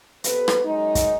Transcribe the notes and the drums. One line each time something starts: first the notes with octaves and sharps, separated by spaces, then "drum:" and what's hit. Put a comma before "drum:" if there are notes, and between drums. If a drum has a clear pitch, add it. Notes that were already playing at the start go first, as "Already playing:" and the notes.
C3 B3 A4 B4, drum: hi-hat
drum: rim click
F#2 G#3 D#4
drum: kick, hi-hat